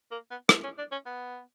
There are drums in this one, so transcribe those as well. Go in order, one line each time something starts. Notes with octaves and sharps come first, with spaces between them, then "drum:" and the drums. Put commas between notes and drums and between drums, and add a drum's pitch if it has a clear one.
A#3
B3
C4, drum: rim click
C#4
D4
C#4
B3